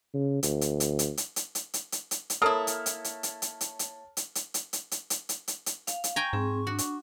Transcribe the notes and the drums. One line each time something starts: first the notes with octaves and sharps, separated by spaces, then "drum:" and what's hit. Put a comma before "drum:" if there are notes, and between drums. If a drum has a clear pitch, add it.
C#3
D2, drum: hi-hat
drum: hi-hat
drum: hi-hat
drum: hi-hat
drum: hi-hat
drum: hi-hat
drum: hi-hat
drum: hi-hat
drum: hi-hat
drum: hi-hat
drum: hi-hat
A#3 E4 A4 C#5 A5 D#6 F6
drum: hi-hat
drum: hi-hat
drum: hi-hat
drum: hi-hat
drum: hi-hat
drum: hi-hat
drum: hi-hat
drum: hi-hat
drum: hi-hat
drum: hi-hat
drum: hi-hat
drum: hi-hat
drum: hi-hat
drum: hi-hat
drum: hi-hat
drum: hi-hat
F5, drum: hi-hat
drum: hi-hat
G5 G#5 A#5 C#6
G#2 C4 G#4
D4 F#4
drum: hi-hat